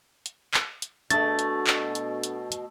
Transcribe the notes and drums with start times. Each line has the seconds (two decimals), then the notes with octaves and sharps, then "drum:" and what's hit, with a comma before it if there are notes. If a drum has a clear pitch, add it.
0.26 drum: hi-hat
0.54 drum: clap
0.82 drum: hi-hat
1.10 B2 A3 D4 A4 A5 A6, drum: hi-hat
1.39 drum: hi-hat
1.67 drum: clap
1.95 drum: hi-hat
2.23 drum: hi-hat
2.52 drum: hi-hat